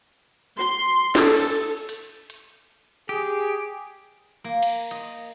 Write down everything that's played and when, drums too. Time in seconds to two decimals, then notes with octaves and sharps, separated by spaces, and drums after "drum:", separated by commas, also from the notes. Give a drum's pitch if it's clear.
0.55 C6
1.15 A4, drum: snare
1.29 drum: cymbal
1.89 drum: hi-hat
2.30 drum: hi-hat
3.09 G4 G#4
4.44 A#3
4.63 drum: cymbal
4.91 D#5, drum: hi-hat